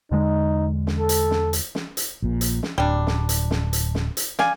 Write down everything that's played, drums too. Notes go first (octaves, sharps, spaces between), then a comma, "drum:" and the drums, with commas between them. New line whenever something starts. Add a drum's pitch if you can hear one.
E2 D3 G#3 D#4
drum: snare
A4
drum: hi-hat
drum: snare
drum: hi-hat
drum: snare
drum: hi-hat
A#1 A#2
drum: hi-hat
drum: snare
D1 G3 D4
drum: snare
drum: hi-hat
drum: snare
drum: hi-hat
drum: snare
drum: hi-hat
D5 F5 G#5, drum: snare